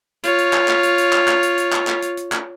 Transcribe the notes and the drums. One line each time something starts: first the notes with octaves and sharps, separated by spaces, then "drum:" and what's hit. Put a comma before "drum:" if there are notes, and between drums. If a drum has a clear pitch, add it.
F4 C#5, drum: hi-hat
drum: hi-hat
drum: clap
drum: clap
drum: hi-hat
drum: hi-hat
drum: clap
drum: clap
drum: hi-hat
drum: hi-hat
drum: clap
drum: clap
drum: hi-hat
drum: hi-hat
drum: clap